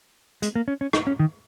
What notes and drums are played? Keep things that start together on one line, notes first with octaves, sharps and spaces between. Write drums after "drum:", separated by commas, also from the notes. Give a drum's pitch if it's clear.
G#3, drum: hi-hat
A#3
C#4
C#4
D#4, drum: rim click
C#4
D#3